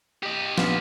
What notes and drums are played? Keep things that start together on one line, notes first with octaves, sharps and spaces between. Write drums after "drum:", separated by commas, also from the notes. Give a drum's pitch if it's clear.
G4 D#5
A#1 B3 F4, drum: snare